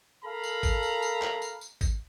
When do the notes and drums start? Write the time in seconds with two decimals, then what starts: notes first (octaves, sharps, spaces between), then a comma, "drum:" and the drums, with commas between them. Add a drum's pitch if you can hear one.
0.24 A4 A#4 F5 A#5 B5
0.43 drum: tambourine
0.63 drum: kick, tambourine
0.83 drum: tambourine
1.02 drum: tambourine
1.22 drum: clap
1.42 drum: tambourine
1.61 drum: tambourine
1.81 drum: kick, tambourine